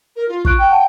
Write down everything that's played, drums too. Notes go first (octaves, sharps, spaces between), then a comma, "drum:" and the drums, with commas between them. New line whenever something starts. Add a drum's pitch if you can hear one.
A#4
F4
F4 C#6 F#6 D7, drum: kick
G5
F#5 A5